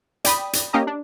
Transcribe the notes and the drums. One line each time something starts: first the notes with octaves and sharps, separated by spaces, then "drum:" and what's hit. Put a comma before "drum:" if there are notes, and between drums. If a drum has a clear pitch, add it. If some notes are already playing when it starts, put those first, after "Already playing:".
D5 G5 B5 D#6, drum: hi-hat
drum: hi-hat
A#3 C#4 G4 D#5 A#5
D4